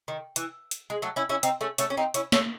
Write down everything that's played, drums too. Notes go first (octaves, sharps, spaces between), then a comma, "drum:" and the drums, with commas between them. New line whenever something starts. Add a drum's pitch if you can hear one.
D#3
E3, drum: hi-hat
drum: hi-hat
G#3
F#3 A3
C#4 E4
C#4 E4
C4 D#4, drum: hi-hat
A3 C#4
A3 C#4, drum: hi-hat
C#4
C4 D#4
C#4 E4, drum: hi-hat
A3 C#4, drum: snare